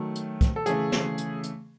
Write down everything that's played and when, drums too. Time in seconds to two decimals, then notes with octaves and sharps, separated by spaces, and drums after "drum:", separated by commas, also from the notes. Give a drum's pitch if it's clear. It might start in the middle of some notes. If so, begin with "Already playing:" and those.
Already playing: D#3 F#3 A3
0.15 drum: hi-hat
0.41 drum: kick, hi-hat
0.56 A4
0.66 C#3 E3 A3 G#4, drum: hi-hat
0.92 drum: snare
1.18 drum: hi-hat
1.43 drum: hi-hat